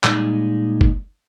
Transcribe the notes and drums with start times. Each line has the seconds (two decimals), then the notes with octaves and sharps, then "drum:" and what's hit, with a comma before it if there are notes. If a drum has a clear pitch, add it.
0.04 A#2 G3 G#3 D#4 D5, drum: clap
0.81 drum: kick G1